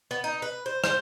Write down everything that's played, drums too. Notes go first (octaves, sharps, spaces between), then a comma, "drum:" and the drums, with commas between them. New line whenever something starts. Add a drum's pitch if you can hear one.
B3
D#4
B4
C5
C5, drum: rim click